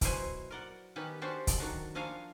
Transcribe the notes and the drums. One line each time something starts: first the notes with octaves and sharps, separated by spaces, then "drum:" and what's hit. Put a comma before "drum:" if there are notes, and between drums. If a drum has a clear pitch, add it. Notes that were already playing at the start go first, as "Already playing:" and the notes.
B2 F#3 E4 F#4 C5 G#5, drum: kick, hi-hat
A#4 D5 F#5
D#3 B3 C#4 G4
C#4 D4 F#4 G4 C5 D5
drum: kick, hi-hat
D#3 F#3 D4 F#4
F3 D4 C#5 F5 G#5 A#5